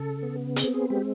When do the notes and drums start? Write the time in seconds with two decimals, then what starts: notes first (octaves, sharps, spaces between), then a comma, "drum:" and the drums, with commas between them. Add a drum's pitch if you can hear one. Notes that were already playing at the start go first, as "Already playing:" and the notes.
Already playing: C#3 A4
0.23 B3
0.56 C4 G#4, drum: hi-hat
0.74 G#4
0.90 G#3 G4